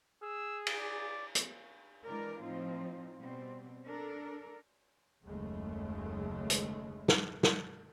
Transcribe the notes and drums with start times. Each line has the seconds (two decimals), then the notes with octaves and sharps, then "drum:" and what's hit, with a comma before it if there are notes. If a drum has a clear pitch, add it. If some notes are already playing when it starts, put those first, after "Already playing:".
0.23 G#4 E6
0.67 drum: cymbal
0.79 D5
1.35 drum: hi-hat
2.06 E3 G#3 D4 A#4 D5
2.44 A2 F3 C4 D#4 F4
3.20 B2 G3 C4
3.88 D4 A4 A#4
5.25 F#1 D#2 C#3 G#3 A3
6.50 drum: hi-hat
7.08 drum: snare
7.43 drum: snare